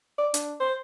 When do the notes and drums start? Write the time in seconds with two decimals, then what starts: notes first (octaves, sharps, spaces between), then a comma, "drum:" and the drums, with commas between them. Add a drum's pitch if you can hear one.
0.18 D5
0.34 D4, drum: hi-hat
0.60 C5